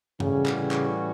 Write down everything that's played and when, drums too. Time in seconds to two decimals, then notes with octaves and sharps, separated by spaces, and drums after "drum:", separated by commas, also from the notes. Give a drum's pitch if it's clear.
0.20 A2 C#3 E3 G3 C#4 F#4, drum: tom G2
0.46 drum: clap
0.58 C#3
0.71 drum: clap